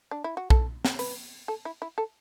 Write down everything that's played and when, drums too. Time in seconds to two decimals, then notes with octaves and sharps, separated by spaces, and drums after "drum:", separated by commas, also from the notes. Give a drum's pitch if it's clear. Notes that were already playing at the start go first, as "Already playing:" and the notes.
0.11 D4
0.24 E4
0.37 F#4
0.50 A4, drum: kick B1
0.85 drum: snare
0.99 B4, drum: open hi-hat
1.48 A4
1.65 E4
1.82 E4
1.98 A4